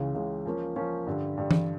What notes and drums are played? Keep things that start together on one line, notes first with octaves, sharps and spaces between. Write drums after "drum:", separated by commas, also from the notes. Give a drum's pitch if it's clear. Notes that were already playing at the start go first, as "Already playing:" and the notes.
Already playing: C#2 C#3 E3 G#3
C#2 C#3 E3 G#3
F3 A#3 C#4
F3 A#3 C#4
G2 D3 G3
G2 D3 G3
drum: tom E3